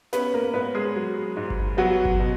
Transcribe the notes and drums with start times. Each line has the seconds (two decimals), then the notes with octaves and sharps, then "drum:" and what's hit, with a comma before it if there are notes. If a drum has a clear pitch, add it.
0.13 B3 C#4 B4, drum: snare
0.34 A#3 A#4
0.54 G#2 B3 B4
0.74 G#3 G#4
0.96 F#3
1.37 G#2
1.50 drum: kick G1
1.77 F#3 B3 F#4
2.05 drum: kick G1
2.19 B2